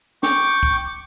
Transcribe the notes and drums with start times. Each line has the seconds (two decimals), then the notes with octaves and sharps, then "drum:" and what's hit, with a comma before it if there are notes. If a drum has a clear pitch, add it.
0.23 G5 C#6 D6, drum: snare
0.63 drum: kick